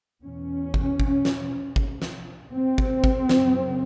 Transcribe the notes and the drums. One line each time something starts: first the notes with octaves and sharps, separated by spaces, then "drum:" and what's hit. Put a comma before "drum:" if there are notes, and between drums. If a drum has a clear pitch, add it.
E2 B2 C#4
drum: kick G#1
drum: kick G#1
drum: snare
drum: kick G#1
drum: snare
C4
drum: kick G#1
drum: kick G#1
F#2 C#3, drum: snare